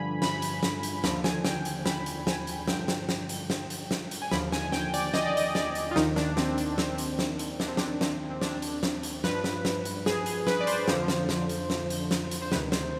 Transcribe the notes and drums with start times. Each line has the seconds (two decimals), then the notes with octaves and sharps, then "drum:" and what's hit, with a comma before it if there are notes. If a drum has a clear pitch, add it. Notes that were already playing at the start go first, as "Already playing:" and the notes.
Already playing: G2 D3 F3 G#5 B5
0.22 B5, drum: snare
0.42 drum: hi-hat
0.63 drum: snare
0.83 drum: hi-hat
1.04 D#2 D3 F3 B5, drum: snare
1.24 G#5, drum: snare
1.45 G5, drum: snare
1.65 drum: hi-hat
1.86 B5, drum: snare
2.06 drum: hi-hat
2.27 G#5, drum: snare
2.47 drum: hi-hat
2.68 G2 D3 F3 G5, drum: snare
2.88 drum: snare
3.09 drum: snare
3.29 drum: hi-hat
3.50 drum: snare
3.70 drum: hi-hat
3.91 drum: snare
4.11 drum: hi-hat
4.22 G#5
4.31 D#2 D3 F3 B5, drum: snare
4.52 G#5, drum: snare
4.72 G5, drum: snare
4.94 D5, drum: hi-hat
5.14 D#5, drum: snare
5.26 D5
5.37 D#5, drum: hi-hat
5.55 D5, drum: snare
5.75 drum: hi-hat
5.91 F4
5.96 D#2 D#3 D#4, drum: snare
6.16 D4, drum: snare
6.37 C4, drum: snare
6.58 D4, drum: hi-hat
6.78 C4, drum: snare
6.98 drum: hi-hat
7.19 drum: snare
7.39 drum: hi-hat
7.60 D#2 D#3 D4, drum: snare
7.68 C4
7.77 D4, drum: snare
8.01 C4, drum: snare
8.30 C4
8.41 D4, drum: snare
8.62 drum: hi-hat
8.83 drum: snare
9.03 drum: hi-hat
9.24 G2 F3 B4, drum: snare
9.44 drum: snare
9.65 drum: snare
9.85 drum: hi-hat
10.06 G#4, drum: snare
10.26 G#4, drum: hi-hat
10.47 B4, drum: snare
10.61 D5
10.67 C5, drum: hi-hat
10.88 F2 D3 F3, drum: snare
11.08 drum: snare
11.29 drum: snare
11.49 drum: hi-hat
11.70 drum: snare
11.90 drum: hi-hat
12.11 drum: snare
12.31 drum: hi-hat
12.42 C5
12.52 D2 C3 D#3 B4, drum: snare
12.72 C5, drum: snare